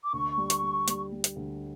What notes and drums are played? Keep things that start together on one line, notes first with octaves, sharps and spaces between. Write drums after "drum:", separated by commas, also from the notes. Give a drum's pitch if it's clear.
D6
D2 C#6
G3
drum: hi-hat
G3
G3, drum: hi-hat
G3
drum: hi-hat
D2